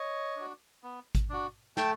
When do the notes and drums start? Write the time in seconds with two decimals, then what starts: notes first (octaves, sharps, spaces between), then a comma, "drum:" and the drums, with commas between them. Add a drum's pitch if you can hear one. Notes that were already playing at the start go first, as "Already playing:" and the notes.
Already playing: C#5 D#5
0.37 D4 F#4
0.83 B3
1.15 drum: kick G#1, hi-hat
1.30 D4 F#4
1.77 A3 G5 A5, drum: snare